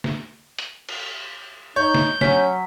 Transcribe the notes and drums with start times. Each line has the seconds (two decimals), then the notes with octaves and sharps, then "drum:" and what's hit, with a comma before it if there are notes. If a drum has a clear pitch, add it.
0.04 drum: snare
0.59 drum: hi-hat
0.89 drum: cymbal
1.76 D#4 C#5 G6
1.95 drum: snare
2.21 F#3 C#4 B6, drum: snare